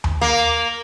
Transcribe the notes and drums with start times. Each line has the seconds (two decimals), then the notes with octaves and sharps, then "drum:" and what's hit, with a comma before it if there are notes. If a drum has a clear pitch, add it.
0.04 drum: tom D#2
0.21 A#3